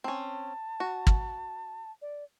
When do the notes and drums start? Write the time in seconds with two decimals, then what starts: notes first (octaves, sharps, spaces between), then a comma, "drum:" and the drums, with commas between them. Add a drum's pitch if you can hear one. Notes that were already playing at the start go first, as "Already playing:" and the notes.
0.04 C4 C#4 A5
0.80 F#4
1.07 drum: kick
2.02 D5